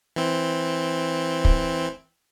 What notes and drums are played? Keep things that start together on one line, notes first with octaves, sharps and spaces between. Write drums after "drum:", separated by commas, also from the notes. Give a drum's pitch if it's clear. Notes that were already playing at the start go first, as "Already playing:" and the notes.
E3 C4
drum: kick